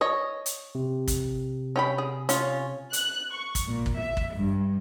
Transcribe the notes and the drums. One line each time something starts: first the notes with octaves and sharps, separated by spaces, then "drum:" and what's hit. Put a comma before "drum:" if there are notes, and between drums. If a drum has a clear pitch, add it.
C#5 D#5
drum: hi-hat
C3
drum: kick, hi-hat
C#4 G5 B5
G#4
C#4 F4 C#5, drum: hi-hat
F#6, drum: hi-hat
C#6
drum: kick, hi-hat
A#2
drum: kick
E5
drum: kick
G2